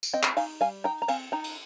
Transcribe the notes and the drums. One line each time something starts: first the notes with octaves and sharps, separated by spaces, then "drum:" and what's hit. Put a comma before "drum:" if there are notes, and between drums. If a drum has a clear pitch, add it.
drum: tambourine
C4 D#5 G5
drum: clap
D#4 F5 G#5, drum: open hi-hat
G3 F5 G#5
D#4 G5 A#5
A#5
C4 F5 G#5, drum: cymbal
D#4 G5 A#5
drum: cymbal